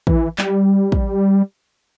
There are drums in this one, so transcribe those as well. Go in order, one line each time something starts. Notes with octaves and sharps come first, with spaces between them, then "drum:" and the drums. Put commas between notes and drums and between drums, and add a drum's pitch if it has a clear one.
E3, drum: kick
G3, drum: clap
drum: kick